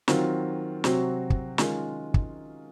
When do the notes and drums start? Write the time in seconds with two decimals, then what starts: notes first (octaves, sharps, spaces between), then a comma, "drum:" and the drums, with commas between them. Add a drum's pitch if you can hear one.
0.08 D#3 F#3 C4 F4, drum: snare
0.84 C3 F#3 C4 F#4, drum: snare
1.30 drum: kick
1.58 D#3 G#3 C#4 F4 A#4, drum: snare
2.14 drum: kick